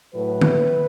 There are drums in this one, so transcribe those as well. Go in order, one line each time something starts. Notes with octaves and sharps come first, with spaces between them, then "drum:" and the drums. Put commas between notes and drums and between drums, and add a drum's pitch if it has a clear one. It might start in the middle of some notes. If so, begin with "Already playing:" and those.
A2 F#3 A3 B4
drum: tom D3